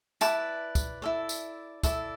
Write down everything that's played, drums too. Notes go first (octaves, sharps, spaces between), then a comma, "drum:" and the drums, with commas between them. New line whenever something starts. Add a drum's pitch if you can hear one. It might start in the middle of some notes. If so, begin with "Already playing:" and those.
E4 B4 D5 A5 D6, drum: tambourine
drum: kick, tambourine
E4 A4 D5
drum: tambourine
E4 A4 D5, drum: kick, tambourine